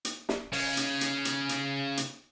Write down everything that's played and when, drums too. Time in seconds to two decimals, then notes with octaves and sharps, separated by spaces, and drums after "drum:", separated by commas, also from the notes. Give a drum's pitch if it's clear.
0.05 drum: hi-hat
0.29 drum: snare
0.53 C#3 C#4, drum: open hi-hat
0.77 drum: hi-hat
1.01 drum: hi-hat
1.25 drum: hi-hat
1.49 drum: hi-hat
1.97 drum: hi-hat